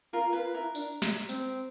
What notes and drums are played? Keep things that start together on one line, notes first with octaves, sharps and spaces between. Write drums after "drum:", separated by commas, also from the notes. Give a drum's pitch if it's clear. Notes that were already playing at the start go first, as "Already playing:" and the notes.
F4 A#4
F4 B4
E4 A#4
D4, drum: tambourine
drum: snare
C4, drum: tambourine